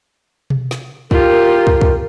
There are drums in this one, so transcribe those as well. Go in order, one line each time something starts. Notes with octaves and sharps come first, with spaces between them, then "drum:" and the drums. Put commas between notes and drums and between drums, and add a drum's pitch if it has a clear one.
drum: tom B2
drum: snare
F4 G4 A#4, drum: kick
drum: kick
drum: kick